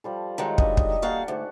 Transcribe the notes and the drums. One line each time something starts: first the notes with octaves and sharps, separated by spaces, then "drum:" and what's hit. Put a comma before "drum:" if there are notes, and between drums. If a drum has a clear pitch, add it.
F3 G3 A4
D#3 F#3 G#3
D4 D#5 E5, drum: kick
drum: kick
G3 A#3 F#4 A4 F5 A5
D2 G#2